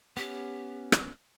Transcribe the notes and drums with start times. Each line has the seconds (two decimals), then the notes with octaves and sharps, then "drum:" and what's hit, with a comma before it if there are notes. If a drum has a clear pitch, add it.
0.17 B3 C#4 G4
0.92 drum: rim click